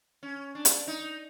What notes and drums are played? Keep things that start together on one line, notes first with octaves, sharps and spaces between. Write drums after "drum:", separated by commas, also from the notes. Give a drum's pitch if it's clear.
C#4
D4
drum: hi-hat
D#4